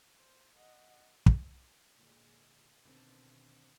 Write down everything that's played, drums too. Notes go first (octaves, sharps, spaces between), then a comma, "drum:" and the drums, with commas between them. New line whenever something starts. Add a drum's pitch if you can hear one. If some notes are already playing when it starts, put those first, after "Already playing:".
C5
D#5 F#5
drum: kick
A#2 D3 G#3
B2 D3 D#3 C4